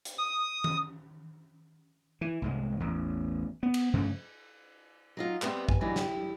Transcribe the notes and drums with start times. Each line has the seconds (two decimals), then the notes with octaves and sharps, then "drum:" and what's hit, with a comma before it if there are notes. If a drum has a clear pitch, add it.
0.05 drum: hi-hat
0.18 D#6
0.64 drum: tom D#3
2.21 E3
2.42 C2 G#2 G#3
2.80 A1 E2
3.63 B3
3.74 drum: cymbal
3.93 G2 C#3 F3 A3
5.17 F#3 D#4 F4
5.42 G3 B3 C4 E5, drum: clap
5.69 G#5, drum: kick
5.81 E3 F#3 G3 D4 D#4
5.96 E4 G4, drum: snare